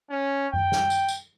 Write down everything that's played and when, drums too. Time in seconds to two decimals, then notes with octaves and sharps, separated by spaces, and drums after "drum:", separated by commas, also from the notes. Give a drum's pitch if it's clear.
0.10 C#4
0.54 G5, drum: tom F#2
0.72 drum: snare
0.90 drum: tambourine
1.08 drum: tambourine